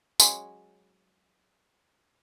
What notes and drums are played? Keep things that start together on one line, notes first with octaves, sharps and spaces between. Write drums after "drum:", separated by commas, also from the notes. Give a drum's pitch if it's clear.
F#3 G#3 C#4, drum: tambourine